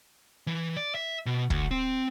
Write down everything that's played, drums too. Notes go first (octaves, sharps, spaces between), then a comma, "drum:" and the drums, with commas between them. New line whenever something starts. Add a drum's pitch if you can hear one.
E3
D5
E5
B2
D2, drum: kick
C4